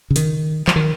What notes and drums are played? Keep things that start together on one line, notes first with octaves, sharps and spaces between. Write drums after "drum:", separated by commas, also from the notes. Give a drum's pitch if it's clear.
C#3
D#3, drum: hi-hat
F3, drum: clap
D#3